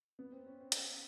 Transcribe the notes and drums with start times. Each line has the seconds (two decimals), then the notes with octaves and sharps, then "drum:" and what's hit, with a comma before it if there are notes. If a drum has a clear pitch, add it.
0.19 B3
0.32 C4
0.46 C#4
0.61 C4
0.72 drum: hi-hat